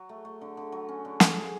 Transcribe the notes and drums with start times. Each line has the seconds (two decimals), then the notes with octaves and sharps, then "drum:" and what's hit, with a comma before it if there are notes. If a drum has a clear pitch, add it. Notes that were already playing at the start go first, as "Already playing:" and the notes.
Already playing: F#3
0.09 A3
0.25 A3
0.41 D3
0.57 D3
0.72 F#3
0.89 C#4
1.05 D3
1.20 D3, drum: snare
1.36 G#4